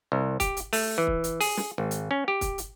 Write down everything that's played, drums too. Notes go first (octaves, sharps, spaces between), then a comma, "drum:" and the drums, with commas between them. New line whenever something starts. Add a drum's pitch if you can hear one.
C2
G4, drum: kick, hi-hat
drum: hi-hat
A3, drum: open hi-hat
E3
drum: kick
drum: hi-hat
G#4, drum: open hi-hat
drum: snare
G#1
drum: hi-hat
C#4
G4
drum: kick, hi-hat
drum: hi-hat